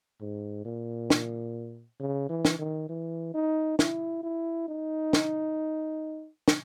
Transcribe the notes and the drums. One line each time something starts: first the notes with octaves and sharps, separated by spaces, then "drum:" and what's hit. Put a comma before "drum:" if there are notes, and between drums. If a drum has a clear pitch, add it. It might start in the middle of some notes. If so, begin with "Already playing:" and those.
G#2
A#2
drum: snare
C#3
E3
drum: snare
D#3
E3
D#4
E4, drum: snare
E4
D#4
drum: snare
drum: snare